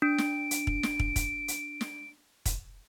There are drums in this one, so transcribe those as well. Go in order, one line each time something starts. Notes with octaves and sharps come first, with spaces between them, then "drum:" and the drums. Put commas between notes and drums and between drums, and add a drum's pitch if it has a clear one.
D4 D7
drum: snare
drum: hi-hat
drum: kick
drum: snare
drum: kick
drum: kick, hi-hat
drum: hi-hat
drum: snare
drum: kick, hi-hat